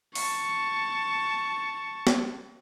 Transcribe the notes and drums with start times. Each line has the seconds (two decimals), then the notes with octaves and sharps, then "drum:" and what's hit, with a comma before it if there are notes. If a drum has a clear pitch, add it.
0.15 A5 C#6, drum: open hi-hat
2.07 drum: snare